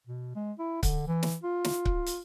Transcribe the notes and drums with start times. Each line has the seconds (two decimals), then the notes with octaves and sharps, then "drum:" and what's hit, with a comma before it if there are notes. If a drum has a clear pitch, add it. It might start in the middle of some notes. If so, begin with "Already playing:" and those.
0.07 B2
0.35 G#3
0.59 E4
0.83 D3, drum: kick C#1, hi-hat
1.07 E3
1.23 drum: snare
1.44 F4
1.64 drum: snare
1.85 drum: kick C#1
2.06 drum: hi-hat